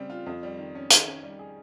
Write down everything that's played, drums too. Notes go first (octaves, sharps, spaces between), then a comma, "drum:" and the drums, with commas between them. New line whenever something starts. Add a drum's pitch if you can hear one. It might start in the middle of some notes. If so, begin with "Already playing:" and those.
Already playing: C#3 G3 C4
F4
F2
G3
D#3
C#4
D#3, drum: hi-hat
C#4
G3
G#4